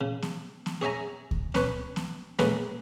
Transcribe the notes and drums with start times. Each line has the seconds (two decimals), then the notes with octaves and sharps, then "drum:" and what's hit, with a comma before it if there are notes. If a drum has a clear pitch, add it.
0.01 C#3
0.22 drum: snare B3
0.66 drum: snare B3
0.81 G#4 C#5 E5 G#5 A#5
1.31 drum: kick D2
1.55 C#4 B4 C#5, drum: snare B3
1.96 drum: snare B3
2.39 G#3 A#3 C#4 G#4 A4 B4, drum: snare B3